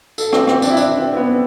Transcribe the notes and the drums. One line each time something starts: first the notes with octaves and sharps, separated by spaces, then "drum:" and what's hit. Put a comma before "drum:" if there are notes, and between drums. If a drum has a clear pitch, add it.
A4, drum: tambourine
C4, drum: rim click
C4, drum: rim click
D4, drum: tambourine
E4
D4, drum: tambourine
C4
C4
B3